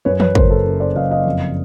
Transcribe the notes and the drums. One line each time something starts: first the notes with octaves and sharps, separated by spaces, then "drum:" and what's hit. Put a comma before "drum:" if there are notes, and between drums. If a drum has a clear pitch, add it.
F#2 B4 C#5
B4 C#5, drum: tom
F#1 A#4 C5, drum: kick
A4 B4
C#3
C5 D5
F#1 D#5 F5
D#5 F5
F2